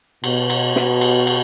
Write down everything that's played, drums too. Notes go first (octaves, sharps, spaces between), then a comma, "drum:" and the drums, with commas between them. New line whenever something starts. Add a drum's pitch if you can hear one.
B2, drum: cymbal
drum: cymbal
B2, drum: snare
drum: cymbal
drum: cymbal